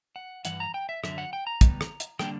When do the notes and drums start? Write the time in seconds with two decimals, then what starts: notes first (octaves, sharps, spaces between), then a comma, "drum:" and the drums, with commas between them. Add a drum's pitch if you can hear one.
0.16 F#5
0.45 G2 E3 F#5, drum: hi-hat
0.60 A#5
0.74 G5
0.89 E5
1.04 F#2 D3 F#3 E5, drum: rim click
1.18 F#5
1.33 G5
1.47 A#5
1.61 E2 C#3 G3 B3, drum: kick, hi-hat
1.81 drum: rim click
2.00 drum: hi-hat
2.19 D3 G3 A#3 D4 G5, drum: rim click